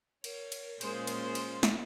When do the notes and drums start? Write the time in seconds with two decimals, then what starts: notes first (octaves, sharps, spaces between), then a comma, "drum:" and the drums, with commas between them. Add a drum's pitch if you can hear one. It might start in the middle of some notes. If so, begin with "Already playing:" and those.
0.24 A#4 C#5, drum: cymbal
0.52 drum: cymbal
0.81 A#2 G#3 A#3 C#4 F4 G#4 C5, drum: cymbal
1.07 drum: cymbal
1.35 drum: cymbal
1.63 drum: snare